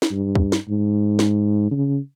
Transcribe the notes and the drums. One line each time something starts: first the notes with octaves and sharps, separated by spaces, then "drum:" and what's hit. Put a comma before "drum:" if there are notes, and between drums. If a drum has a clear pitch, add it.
drum: snare
G2
drum: kick
drum: snare
G#2
drum: snare
C#3